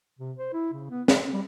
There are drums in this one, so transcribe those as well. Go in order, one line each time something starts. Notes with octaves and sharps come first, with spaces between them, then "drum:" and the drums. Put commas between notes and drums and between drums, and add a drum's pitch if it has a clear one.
C3
C5
E4
C#3
B3
C4, drum: snare
G3